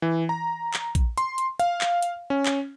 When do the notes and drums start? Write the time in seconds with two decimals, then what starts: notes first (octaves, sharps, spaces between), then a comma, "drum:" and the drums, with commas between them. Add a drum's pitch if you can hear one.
0.02 E3
0.29 A#5
0.74 drum: clap
0.95 drum: kick, hi-hat
1.18 C6, drum: hi-hat
1.38 drum: hi-hat
1.60 F5, drum: hi-hat
1.81 drum: clap
2.02 drum: hi-hat
2.30 C#4
2.45 drum: clap